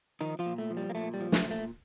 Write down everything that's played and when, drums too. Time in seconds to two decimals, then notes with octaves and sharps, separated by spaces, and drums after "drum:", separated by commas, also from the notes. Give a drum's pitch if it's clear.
0.21 D#3 F3 D#4
0.39 F3 F4
0.46 A#2
0.58 A3
0.70 F3
0.77 G3
0.90 A#3
0.95 A#2 A3
1.14 G3
1.20 F3
1.32 A3, drum: snare
1.44 A#2
1.51 A3